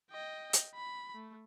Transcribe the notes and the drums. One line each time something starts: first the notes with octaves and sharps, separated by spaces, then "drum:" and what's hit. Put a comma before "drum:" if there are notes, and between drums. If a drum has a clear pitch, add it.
D#5 G5
drum: hi-hat
B5
A3